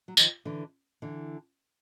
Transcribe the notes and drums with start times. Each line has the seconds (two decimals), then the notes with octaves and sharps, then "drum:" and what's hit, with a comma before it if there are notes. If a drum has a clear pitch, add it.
0.08 F#3
0.17 D#3 F3, drum: tambourine
0.45 D3 E3
1.02 D3 E3